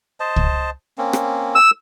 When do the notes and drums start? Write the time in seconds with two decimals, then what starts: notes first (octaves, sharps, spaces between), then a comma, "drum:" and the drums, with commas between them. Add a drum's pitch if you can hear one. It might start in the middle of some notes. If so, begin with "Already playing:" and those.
0.20 C5 D#5 A5
0.36 drum: kick
0.98 A#3 C4 C#4
1.13 drum: rim click
1.55 E6